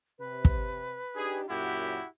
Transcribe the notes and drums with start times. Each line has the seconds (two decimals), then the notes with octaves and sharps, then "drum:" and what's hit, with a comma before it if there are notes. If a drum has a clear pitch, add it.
0.19 C3 B4
0.45 drum: kick
1.15 D4 D#4 G4 G#4
1.49 F#2 A#2 E4 F#4 G4 F#5